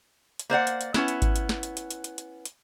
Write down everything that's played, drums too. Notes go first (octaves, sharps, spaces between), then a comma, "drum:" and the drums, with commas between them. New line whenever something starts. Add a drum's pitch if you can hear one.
drum: hi-hat
A#3 C5 D5 F#5
drum: hi-hat
drum: hi-hat
B3 C#4 E4, drum: snare
drum: hi-hat
drum: kick G#1, hi-hat
drum: hi-hat
drum: snare
drum: hi-hat
drum: hi-hat
drum: hi-hat
drum: hi-hat
drum: hi-hat
drum: hi-hat